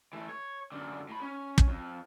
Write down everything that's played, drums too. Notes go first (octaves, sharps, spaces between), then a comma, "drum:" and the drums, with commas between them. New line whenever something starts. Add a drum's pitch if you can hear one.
E3 A3
C#5
F#2 D3
A2 B5
C#4
drum: kick
F2